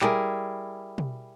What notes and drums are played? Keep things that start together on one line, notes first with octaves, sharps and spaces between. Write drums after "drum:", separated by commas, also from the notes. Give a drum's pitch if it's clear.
G3 E4 G#4 A#4, drum: clap
drum: tom B2